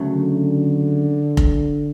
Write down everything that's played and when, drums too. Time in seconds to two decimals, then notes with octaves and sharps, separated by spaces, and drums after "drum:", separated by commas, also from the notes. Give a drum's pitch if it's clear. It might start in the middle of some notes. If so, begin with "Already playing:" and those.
Already playing: D2 C#3 F#3 A3
0.16 D3
1.37 drum: kick F1